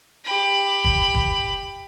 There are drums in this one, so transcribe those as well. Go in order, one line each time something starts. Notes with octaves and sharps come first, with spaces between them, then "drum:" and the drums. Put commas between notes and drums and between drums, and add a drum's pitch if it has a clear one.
G4 B5
drum: kick
drum: kick